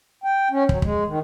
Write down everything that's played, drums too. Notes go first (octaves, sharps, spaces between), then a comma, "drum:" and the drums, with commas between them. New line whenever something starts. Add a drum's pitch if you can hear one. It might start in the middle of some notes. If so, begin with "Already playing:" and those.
G5
C#4
F#3, drum: kick
G#3, drum: kick
D#3